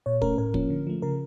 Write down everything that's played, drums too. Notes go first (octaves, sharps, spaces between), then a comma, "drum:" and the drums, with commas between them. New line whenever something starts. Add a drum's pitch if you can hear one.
A#2 C#5
A3 C#4 A#4, drum: kick
A2 A#4
F3 A#3 C#4, drum: kick
D3
F3 A3
C#3 A#4